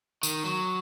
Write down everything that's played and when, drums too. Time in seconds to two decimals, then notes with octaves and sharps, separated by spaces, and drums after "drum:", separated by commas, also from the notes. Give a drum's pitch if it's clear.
0.23 D#3, drum: tambourine
0.45 F#3